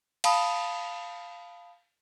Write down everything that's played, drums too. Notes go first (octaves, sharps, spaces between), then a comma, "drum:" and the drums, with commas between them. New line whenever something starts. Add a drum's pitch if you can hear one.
F5 A5 B5 D#6, drum: cymbal